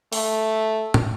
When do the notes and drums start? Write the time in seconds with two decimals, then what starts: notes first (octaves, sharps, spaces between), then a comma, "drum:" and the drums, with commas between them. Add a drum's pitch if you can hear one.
0.12 A3, drum: open hi-hat
0.94 drum: tom